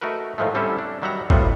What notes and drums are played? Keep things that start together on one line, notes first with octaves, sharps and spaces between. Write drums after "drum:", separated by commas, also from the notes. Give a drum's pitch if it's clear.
A3 D#4 F#4 A#4 B4
A2 D#3 F3 G#3 A3
D3 G3 C4 C#4 E4 A4
D4
D#3 F#3 G3 E5 F#5 A#5
A2 C3 G3 B3 F4 F#4, drum: kick G1